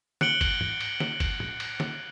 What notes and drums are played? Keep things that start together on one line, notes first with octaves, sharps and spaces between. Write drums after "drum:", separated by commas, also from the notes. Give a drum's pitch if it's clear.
F#6 C#7 D7 F#7 G7, drum: snare
drum: kick F#1, cymbal
drum: tom
drum: cymbal
drum: snare
drum: kick F#1, cymbal
drum: tom A2
drum: cymbal
drum: snare